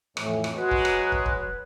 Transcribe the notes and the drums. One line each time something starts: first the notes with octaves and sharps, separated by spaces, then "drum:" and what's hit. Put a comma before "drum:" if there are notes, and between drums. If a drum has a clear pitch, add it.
F2 A2 E3, drum: rim click
drum: rim click
F#3 G#3 F#4 B4
drum: kick
drum: rim click
drum: kick
drum: kick